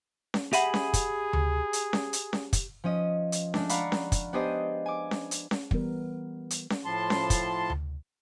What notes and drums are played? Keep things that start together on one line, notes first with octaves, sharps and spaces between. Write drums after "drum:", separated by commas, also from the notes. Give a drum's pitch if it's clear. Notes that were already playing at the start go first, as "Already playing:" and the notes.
drum: snare C#4
G4 G#4 E5 F#5 G#5 B5, drum: hi-hat
drum: snare C#4
drum: kick, hi-hat
drum: tom D2
drum: hi-hat
drum: snare C#4
drum: hi-hat
drum: snare C#4
drum: kick, hi-hat
F3 C#4 D#5
drum: hi-hat
G#3 A3 D4, drum: snare C#4
D5 F5 F#5 A#5 B5 C#6, drum: hi-hat
drum: snare C#4
drum: kick, hi-hat
B3 D4 G4 G#4 C5 D#5
G#5 D6
drum: snare C#4
drum: hi-hat
drum: snare C#4
E3 G3 B3 A#4, drum: kick
drum: hi-hat
drum: snare C#4
A2 F3 A5 C6
drum: snare C#4
drum: kick, hi-hat
drum: tom D2